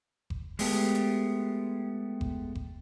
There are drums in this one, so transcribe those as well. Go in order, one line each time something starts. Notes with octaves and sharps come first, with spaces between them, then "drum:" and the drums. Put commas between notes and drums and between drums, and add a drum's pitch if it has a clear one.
drum: kick F#1
G#3 A3 B3 G4, drum: open hi-hat
drum: hi-hat
drum: kick F#1
drum: kick F#1